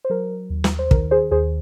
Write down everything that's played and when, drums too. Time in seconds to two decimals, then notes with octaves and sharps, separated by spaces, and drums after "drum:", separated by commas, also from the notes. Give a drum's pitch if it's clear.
0.05 C5
0.10 F#3 A#4
0.50 D#2
0.64 drum: snare
0.79 C5
0.91 D#3 A#4, drum: kick
1.11 G#4 C5
1.31 D#2 G#4 C5